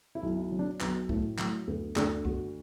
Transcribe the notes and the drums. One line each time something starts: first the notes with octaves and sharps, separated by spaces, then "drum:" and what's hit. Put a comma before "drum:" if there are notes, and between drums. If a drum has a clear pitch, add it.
E4
B1
E4
F#3
D4
B1 B3, drum: clap
A2 A3, drum: kick C#2
F#3 A3, drum: clap
D2 B3
D2 D4, drum: clap
D2 F#4, drum: kick C#2